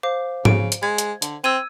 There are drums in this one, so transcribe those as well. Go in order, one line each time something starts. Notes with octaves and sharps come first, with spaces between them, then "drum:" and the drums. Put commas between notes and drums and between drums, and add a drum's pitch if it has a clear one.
C5 F5 D6
C#3 D7, drum: tom G#2
drum: hi-hat
G#3 G#6
drum: hi-hat
D3, drum: hi-hat
C4 E6 G#6 D#7